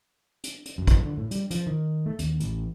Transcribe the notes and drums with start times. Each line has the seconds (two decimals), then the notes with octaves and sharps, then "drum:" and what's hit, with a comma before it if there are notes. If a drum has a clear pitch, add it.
0.44 drum: hi-hat
0.66 drum: hi-hat
0.78 F#2
0.87 drum: kick, hi-hat
1.03 D3
1.17 A2
1.31 G3, drum: hi-hat
1.51 F3, drum: hi-hat
1.67 D#3
2.06 A3
2.19 D#2, drum: hi-hat
2.40 A1, drum: hi-hat